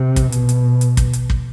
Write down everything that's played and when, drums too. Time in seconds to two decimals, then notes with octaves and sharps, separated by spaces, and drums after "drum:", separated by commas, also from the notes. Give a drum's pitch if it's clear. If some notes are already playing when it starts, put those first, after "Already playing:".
Already playing: C3
0.16 drum: kick, hi-hat
0.32 B2, drum: hi-hat
0.49 drum: hi-hat
0.81 drum: hi-hat
0.97 drum: kick, hi-hat
1.13 drum: hi-hat
1.30 drum: kick